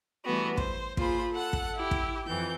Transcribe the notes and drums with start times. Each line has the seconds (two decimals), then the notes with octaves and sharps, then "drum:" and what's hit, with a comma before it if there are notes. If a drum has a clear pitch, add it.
0.25 E3 G3 A3 B3 F#4
0.57 C5, drum: kick
0.97 A#3 F4 G#4 C5 B5, drum: kick
1.33 A4 F#5 F#6
1.53 drum: kick
1.75 E4 G4
1.91 drum: kick
2.26 F2 E3 G6